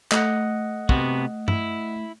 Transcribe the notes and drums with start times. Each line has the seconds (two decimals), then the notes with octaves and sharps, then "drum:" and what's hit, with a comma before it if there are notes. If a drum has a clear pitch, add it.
0.12 A3 D#5 F#5, drum: clap
0.89 C3 B3 F#4, drum: kick
1.48 E4, drum: tom G2